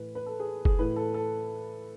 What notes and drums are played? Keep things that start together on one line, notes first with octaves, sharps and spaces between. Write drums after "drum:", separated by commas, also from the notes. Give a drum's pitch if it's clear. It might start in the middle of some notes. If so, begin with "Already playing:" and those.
Already playing: A2 E3 B4
B4
A4
G#4
G#4, drum: kick F#1
A2 E3 B4
A4
A4